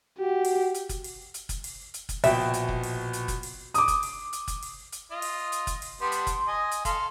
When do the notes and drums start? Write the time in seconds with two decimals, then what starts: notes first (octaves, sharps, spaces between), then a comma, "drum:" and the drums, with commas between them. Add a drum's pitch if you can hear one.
0.18 F#4 G4
0.45 drum: open hi-hat
0.74 drum: hi-hat
0.89 drum: kick F#1, hi-hat
1.04 drum: open hi-hat
1.34 drum: hi-hat
1.49 drum: kick F#1, hi-hat
1.64 drum: open hi-hat
1.94 drum: hi-hat
2.09 drum: kick F#1, hi-hat
2.24 A#1 B2 E5 G5, drum: open hi-hat
2.54 drum: hi-hat
2.68 drum: kick F#1
2.83 drum: open hi-hat
3.13 drum: hi-hat
3.28 drum: kick F#1, hi-hat
3.43 drum: open hi-hat
3.74 D6 D#6, drum: hi-hat
3.88 drum: kick F#1, hi-hat
4.03 drum: open hi-hat
4.33 drum: hi-hat
4.48 drum: kick F#1, hi-hat
4.62 drum: open hi-hat
4.92 drum: hi-hat
5.11 F4 D#5
5.22 drum: open hi-hat
5.52 drum: hi-hat
5.67 drum: kick F#1, hi-hat
5.82 drum: open hi-hat
6.01 G3 B3 D4 C6
6.12 drum: hi-hat
6.27 drum: kick F#1, hi-hat
6.48 D#5 G#5
6.71 drum: hi-hat
6.85 A4 F5 C6, drum: kick F#1, hi-hat